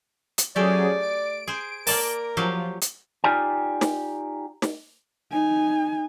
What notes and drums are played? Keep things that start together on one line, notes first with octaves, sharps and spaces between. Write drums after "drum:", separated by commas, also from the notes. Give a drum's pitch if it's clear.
drum: hi-hat
F#3 A3 C#4 G4 G#4 D5
D7
G#4 C5
A#3 A#4 D5 A5, drum: open hi-hat
F3 F#3 G4 F5
drum: hi-hat
D#4 F4 G4 D5 G#5
drum: snare
drum: snare
D#4 G#5